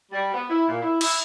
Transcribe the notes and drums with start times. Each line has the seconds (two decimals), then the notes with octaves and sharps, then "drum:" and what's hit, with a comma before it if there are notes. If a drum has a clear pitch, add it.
0.12 G3
0.34 B3
0.49 E4
0.68 A#2
0.82 E4
1.01 E4, drum: cymbal